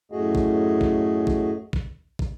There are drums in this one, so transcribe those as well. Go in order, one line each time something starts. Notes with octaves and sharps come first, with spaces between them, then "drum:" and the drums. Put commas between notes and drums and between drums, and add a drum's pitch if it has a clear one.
F#2 A2 A3 F#4 G#4 D#5
drum: kick
drum: kick
drum: kick
drum: kick
drum: kick